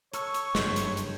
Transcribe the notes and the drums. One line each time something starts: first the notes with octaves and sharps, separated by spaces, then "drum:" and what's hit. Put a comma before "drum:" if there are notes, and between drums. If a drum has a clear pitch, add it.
A4 C#5 C#6, drum: hi-hat
drum: hi-hat
F#1 G2 F3 C5, drum: snare
drum: hi-hat
drum: hi-hat